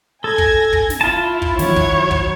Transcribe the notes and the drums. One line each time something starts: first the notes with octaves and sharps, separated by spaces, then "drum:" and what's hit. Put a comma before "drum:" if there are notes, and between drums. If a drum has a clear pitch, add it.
A4 G#5 G#6 A#6
drum: kick
drum: kick
drum: snare
E4 F4 A5
drum: kick
D#3 F3 F#3 C#5, drum: snare
drum: kick
drum: kick